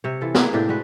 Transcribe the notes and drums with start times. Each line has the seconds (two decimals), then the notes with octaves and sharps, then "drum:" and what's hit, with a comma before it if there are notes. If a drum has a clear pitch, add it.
0.04 C3 C#5
0.21 E3 F4 A4
0.35 G#3 A#3 G#4 B4, drum: snare
0.53 A2 C3 D4 G4
0.68 G#3 D4 F#4 B4